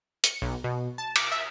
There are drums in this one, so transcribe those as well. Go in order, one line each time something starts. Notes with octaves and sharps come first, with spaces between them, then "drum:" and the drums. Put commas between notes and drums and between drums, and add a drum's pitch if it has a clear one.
C#7, drum: hi-hat
B1
B2
A5
D6, drum: cymbal
E5